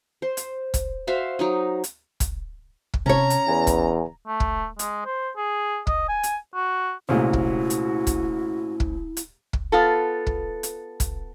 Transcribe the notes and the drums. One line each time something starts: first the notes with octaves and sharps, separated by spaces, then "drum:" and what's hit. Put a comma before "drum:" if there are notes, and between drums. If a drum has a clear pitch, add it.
C5
drum: hi-hat
drum: kick, hi-hat
F#4 C5 E5 F5
F#3 D#4 D#5
drum: hi-hat
drum: kick, hi-hat
drum: kick
C3 C#4 C#5 A5 A#5
drum: hi-hat
E2 B4 G#5
drum: kick, hi-hat
A3
drum: kick
G#3, drum: hi-hat
C5
G#4
D#5, drum: kick
G#5
drum: hi-hat
F#4
C2 A#2 G#3 A3 C#4 E4 F#4 C5
drum: kick
drum: hi-hat
drum: kick, hi-hat
drum: kick
drum: hi-hat
drum: kick
B3 F4 A4
drum: kick
drum: hi-hat
drum: kick, hi-hat